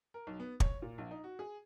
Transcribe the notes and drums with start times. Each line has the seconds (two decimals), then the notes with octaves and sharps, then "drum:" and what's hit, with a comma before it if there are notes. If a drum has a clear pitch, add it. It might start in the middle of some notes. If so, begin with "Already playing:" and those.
0.14 A#4
0.27 B1
0.40 B3
0.60 C#5, drum: kick
0.82 A#2
0.98 A#1
1.11 D#4
1.24 F#4
1.39 G#4